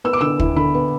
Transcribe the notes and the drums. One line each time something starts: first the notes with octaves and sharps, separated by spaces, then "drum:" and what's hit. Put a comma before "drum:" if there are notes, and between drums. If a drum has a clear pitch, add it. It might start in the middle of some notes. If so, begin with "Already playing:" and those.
B3 E6
D6
D3 E6
E4, drum: kick
D3 B5
B3